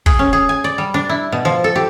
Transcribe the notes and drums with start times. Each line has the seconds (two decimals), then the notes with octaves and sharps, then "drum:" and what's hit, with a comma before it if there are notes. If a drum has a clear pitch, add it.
0.06 G#4, drum: kick
0.19 C#4
0.33 G#4
0.49 G#5
0.64 D5
0.78 G3
0.94 D4
1.09 E4
1.32 B2
1.45 F3
1.64 A4
1.76 G4